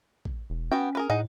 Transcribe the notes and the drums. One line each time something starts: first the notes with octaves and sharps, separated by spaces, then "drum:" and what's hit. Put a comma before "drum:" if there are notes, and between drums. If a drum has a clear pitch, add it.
drum: kick
E1
B3 C#4 F#4 G5
G#4 A#4 B4
A2 D#4 G#4 F#5